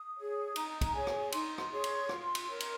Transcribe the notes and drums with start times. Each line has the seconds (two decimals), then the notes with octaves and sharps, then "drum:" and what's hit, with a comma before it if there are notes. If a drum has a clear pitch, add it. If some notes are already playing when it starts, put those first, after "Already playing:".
Already playing: D#6
0.17 G#4 C#5
0.56 D#4 A#5, drum: cymbal
0.81 drum: kick, cymbal
0.94 G#4 C#5 G#5
1.07 drum: rim click
1.32 D#4 C6, drum: cymbal
1.58 drum: rim click
1.71 G#4 C#5
1.84 drum: cymbal
2.09 F4, drum: rim click
2.35 drum: cymbal
2.48 A#4 C#5
2.60 drum: cymbal